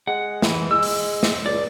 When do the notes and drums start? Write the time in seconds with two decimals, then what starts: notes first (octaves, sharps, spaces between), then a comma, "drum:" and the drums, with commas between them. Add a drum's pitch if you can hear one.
0.07 G#3 F#5
0.42 E3, drum: snare
0.71 G#3 E6
0.83 drum: open hi-hat
1.23 drum: snare
1.46 C#2 D5